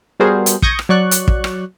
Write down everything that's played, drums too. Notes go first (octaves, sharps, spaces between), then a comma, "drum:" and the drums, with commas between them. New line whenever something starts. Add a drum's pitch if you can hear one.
G3 B3 F#4 G#4 A#4 C5
drum: hi-hat
C#6 D#6 G6 G#6 A#6 C#7, drum: kick
drum: rim click
F#3 D5 C#6 F#6
drum: hi-hat
drum: kick
drum: rim click